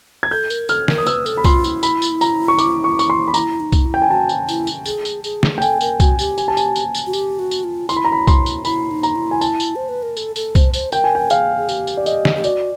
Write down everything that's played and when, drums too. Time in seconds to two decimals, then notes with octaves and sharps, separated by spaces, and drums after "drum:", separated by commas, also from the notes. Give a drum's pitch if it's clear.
0.23 G#6
0.31 A4 G6
0.50 A#4, drum: tambourine
0.69 A4 F6, drum: tambourine
0.88 A#4, drum: snare
0.98 D#6
1.07 B4 E6, drum: tambourine
1.26 A4, drum: tambourine
1.37 B5
1.44 F4 C6, drum: kick, tambourine
1.64 E4, drum: tambourine
1.83 B5, drum: tambourine
2.02 drum: tambourine
2.21 A#5, drum: tambourine
2.48 C#6
2.58 D6, drum: tambourine
2.84 C#6
2.99 C#6, drum: tambourine
3.10 C6
3.28 B5
3.34 E4 A#5, drum: tambourine
3.60 D#4
3.72 drum: kick, tambourine
3.85 E4
3.94 G5
4.02 G#5
4.10 F#4 A5
4.29 drum: tambourine
4.49 E4, drum: tambourine
4.67 drum: tambourine
4.86 G#4, drum: tambourine
5.05 drum: tambourine
5.24 G#4, drum: tambourine
5.43 drum: snare
5.58 G5
5.62 A4 G#5, drum: tambourine
5.81 A#4, drum: tambourine
6.00 F#4 G#5, drum: kick, tambourine
6.19 G4, drum: tambourine
6.38 G#5, drum: tambourine
6.48 A5
6.57 G#5, drum: tambourine
6.76 drum: tambourine
6.95 drum: tambourine
7.07 F#4
7.13 G4, drum: tambourine
7.39 F#4
7.51 drum: tambourine
7.64 F4
7.89 E4 C6, drum: tambourine
7.96 B5
8.05 A#5
8.12 B5
8.27 C6, drum: kick, tambourine
8.46 drum: tambourine
8.65 E4 B5, drum: tambourine
8.91 D#4
9.03 A#5, drum: tambourine
9.16 E4
9.31 G#5
9.41 A5, drum: tambourine
9.60 drum: tambourine
9.76 C5
9.89 B4
10.03 A#4
10.17 A4, drum: tambourine
10.36 A4, drum: tambourine
10.55 C5, drum: kick, tambourine
10.74 C5, drum: tambourine
10.92 A#4 G5, drum: tambourine
11.04 G#5
11.15 G5
11.30 G#4 F5, drum: tambourine
11.57 G#4
11.69 G4, drum: tambourine
11.87 drum: tambourine
11.97 D5
12.06 D#5, drum: tambourine
12.25 drum: snare
12.36 G4
12.44 F#4 D5, drum: tambourine